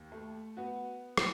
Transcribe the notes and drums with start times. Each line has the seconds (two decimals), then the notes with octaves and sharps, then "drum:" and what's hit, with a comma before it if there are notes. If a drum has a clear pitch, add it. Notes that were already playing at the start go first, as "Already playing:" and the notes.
Already playing: D#2
0.12 A3
0.57 B3 F#4
1.17 drum: rim click